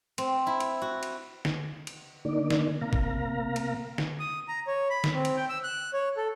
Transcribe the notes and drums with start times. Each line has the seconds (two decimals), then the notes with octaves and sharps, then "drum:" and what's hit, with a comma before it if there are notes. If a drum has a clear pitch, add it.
0.18 C4, drum: cymbal
0.47 E4
0.60 drum: cymbal
0.82 F#4
1.03 drum: cymbal
1.45 drum: snare
1.87 drum: cymbal
2.25 D3 A#3 D#4 D5
2.50 drum: snare
2.81 C3 A#3 F5 A#5
2.93 drum: kick G#1
3.56 drum: cymbal
3.98 drum: snare
4.20 D#6
4.48 A#5
4.67 C#5
4.90 B5
5.04 drum: snare
5.14 C4
5.25 drum: cymbal
5.37 G5
5.49 E6
5.64 F#6
5.93 C#5
6.17 A4